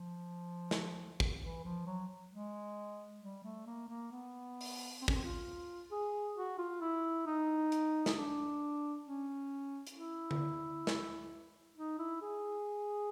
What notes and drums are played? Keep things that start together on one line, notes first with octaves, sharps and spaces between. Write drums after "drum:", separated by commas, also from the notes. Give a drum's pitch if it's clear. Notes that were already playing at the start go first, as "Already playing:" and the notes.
Already playing: F3
drum: snare
drum: kick
E3
F3
F#3
G#3
G3
A3
A#3
A#3
B3
drum: open hi-hat
C4
C#4, drum: kick
C4
F4
G#4
F#4
F4
E4
D#4
drum: hi-hat
drum: snare
D4
C#4
drum: hi-hat
E4
drum: tom D3
drum: snare
D#4
E4
G#4